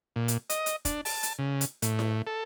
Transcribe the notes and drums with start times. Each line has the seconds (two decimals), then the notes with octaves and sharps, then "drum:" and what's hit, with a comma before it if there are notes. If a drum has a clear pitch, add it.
0.16 A#2
0.28 drum: hi-hat
0.50 D#5, drum: hi-hat
0.66 drum: hi-hat
0.85 D4, drum: kick F1, hi-hat
1.05 A5, drum: open hi-hat
1.23 drum: hi-hat
1.39 C#3
1.61 drum: hi-hat
1.82 A2, drum: hi-hat
1.99 drum: snare E4
2.27 A4